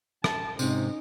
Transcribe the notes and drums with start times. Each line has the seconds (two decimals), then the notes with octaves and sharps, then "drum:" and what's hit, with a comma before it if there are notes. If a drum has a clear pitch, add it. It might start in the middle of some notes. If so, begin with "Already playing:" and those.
0.24 A5, drum: rim click
0.59 G#2 C3 C#4 D#4, drum: tambourine